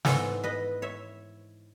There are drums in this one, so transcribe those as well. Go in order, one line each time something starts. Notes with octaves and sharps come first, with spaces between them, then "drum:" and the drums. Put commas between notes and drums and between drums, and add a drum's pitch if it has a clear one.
G#2 E3 G#3 B3 A4 C#5, drum: snare
B4 D#5
C#5 E5